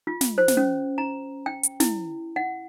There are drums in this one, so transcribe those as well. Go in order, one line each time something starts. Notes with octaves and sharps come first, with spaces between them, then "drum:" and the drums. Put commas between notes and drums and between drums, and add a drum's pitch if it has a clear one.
F4
drum: snare
C5
drum: snare
C#4
A#5
G5
drum: hi-hat
E4, drum: snare
F#5